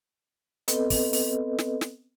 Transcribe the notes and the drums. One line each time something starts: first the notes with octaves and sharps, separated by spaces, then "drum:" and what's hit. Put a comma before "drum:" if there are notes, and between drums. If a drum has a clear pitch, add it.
B3 C4 A4 B4 D#5, drum: hi-hat
drum: kick, open hi-hat
drum: open hi-hat
drum: snare
drum: snare